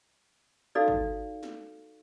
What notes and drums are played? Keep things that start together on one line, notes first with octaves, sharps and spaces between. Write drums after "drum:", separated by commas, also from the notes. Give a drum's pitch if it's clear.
D#4 F#4 A4 D5 F5
drum: kick
drum: snare